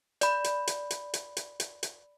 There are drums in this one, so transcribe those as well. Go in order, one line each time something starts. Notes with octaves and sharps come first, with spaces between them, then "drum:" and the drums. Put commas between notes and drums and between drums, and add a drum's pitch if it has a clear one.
D5 B5, drum: hi-hat
drum: hi-hat
drum: hi-hat
drum: hi-hat
drum: hi-hat
drum: hi-hat
drum: hi-hat
drum: hi-hat